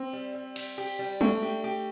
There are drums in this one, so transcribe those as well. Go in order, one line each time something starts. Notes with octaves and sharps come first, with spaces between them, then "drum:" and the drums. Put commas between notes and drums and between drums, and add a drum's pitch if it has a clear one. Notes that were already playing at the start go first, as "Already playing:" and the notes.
Already playing: C4
G3
G3
G3, drum: cymbal
G4
G3
A3 D4, drum: tom
G4
G4